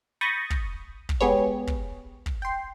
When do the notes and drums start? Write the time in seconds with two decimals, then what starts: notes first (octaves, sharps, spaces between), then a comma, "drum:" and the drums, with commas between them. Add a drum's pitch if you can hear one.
0.21 B5 C#6 D#6 G6 A6 A#6
0.50 drum: kick
1.09 drum: kick
1.21 G#3 B3 G4 G#4 B4 C#5
1.67 drum: kick
2.26 drum: kick
2.42 G5 C6